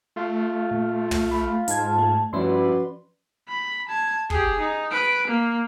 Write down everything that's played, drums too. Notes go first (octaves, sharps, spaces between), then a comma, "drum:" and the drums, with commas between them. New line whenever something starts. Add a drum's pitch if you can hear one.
A3 F4
A#2
drum: tom
B5
G#2 D#4 A5 G#6, drum: hi-hat
A3
G2 F3 C#4 E4 F#4 B4 D5 C6
B5
A5 G#6
G4 G#4, drum: kick
D#4
B4 D7
A#3